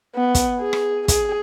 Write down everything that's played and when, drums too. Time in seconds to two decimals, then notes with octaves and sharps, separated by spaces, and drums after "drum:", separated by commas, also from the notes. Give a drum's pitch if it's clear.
0.15 B3
0.35 drum: kick, hi-hat
0.60 G#4
0.73 drum: rim click
1.08 G#4, drum: kick, hi-hat